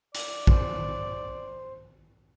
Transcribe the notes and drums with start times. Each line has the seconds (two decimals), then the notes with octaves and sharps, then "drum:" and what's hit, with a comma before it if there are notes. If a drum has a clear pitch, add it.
0.15 D5, drum: hi-hat
0.47 C5, drum: kick A#1